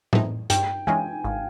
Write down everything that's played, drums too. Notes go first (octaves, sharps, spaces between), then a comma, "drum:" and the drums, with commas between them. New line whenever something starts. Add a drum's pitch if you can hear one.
E3 A3 C4 D#4, drum: tom A2
G2 G5, drum: hi-hat
E3 G#3 C#4 F4 G#5
G#1 F5